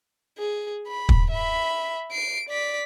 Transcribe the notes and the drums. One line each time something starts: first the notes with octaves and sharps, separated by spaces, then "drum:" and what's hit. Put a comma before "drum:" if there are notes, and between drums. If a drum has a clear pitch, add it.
G#4
B5
drum: kick
E5 B5
C7 D7
D5 B6